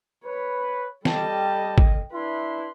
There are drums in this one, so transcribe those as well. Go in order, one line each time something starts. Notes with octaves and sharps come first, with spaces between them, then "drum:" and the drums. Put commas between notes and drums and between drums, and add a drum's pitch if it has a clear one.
B4 C#5
G3 A4 D#5 G5 A5, drum: snare
drum: kick G#1
D4 E4 B4 C6